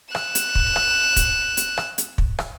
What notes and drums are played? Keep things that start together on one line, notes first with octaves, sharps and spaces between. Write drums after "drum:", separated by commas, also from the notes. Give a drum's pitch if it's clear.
F#6 E7, drum: rim click
drum: hi-hat
drum: kick
drum: rim click
drum: kick, hi-hat
drum: hi-hat
drum: rim click
drum: hi-hat
drum: kick
drum: rim click